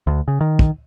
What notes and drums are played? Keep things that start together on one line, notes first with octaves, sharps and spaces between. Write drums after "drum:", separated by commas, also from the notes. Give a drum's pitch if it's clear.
D2
C#3
D#3
drum: kick